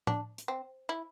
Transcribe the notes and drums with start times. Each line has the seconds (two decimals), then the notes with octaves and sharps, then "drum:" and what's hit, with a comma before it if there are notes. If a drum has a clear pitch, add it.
0.07 D4, drum: tom A2
0.38 drum: hi-hat
0.48 C4
0.89 E4